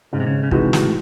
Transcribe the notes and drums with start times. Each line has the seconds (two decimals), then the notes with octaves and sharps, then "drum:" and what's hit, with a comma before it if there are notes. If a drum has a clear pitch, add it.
0.13 G#2 C#3
0.20 C3
0.27 C#3
0.43 C#3
0.51 C3 E3 G#3 D#4 F#4, drum: kick
0.73 C3, drum: snare
0.82 A2